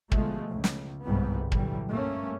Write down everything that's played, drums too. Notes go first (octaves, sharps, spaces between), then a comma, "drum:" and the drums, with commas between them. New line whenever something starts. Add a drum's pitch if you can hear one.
B2 D3 F3 G#3 A3, drum: kick
C#2
drum: snare
G1 C2 G#2 E3 G3 B3
A#2 D3 E3 F#3 G3, drum: kick
G2 A3 A#3 C#4